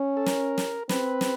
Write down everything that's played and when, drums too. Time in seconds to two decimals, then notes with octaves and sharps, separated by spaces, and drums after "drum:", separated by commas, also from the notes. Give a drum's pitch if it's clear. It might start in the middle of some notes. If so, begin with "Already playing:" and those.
Already playing: C#4
0.17 A4
0.26 A#4, drum: snare
0.58 drum: snare
0.89 C4 B4, drum: snare
1.21 drum: snare